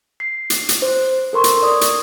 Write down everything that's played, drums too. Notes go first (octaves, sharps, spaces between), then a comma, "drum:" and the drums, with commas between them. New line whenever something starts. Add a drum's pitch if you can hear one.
C7
drum: hi-hat
drum: hi-hat
C5
A4 A#4 C6 C#6
drum: hi-hat
D5 D#6
drum: hi-hat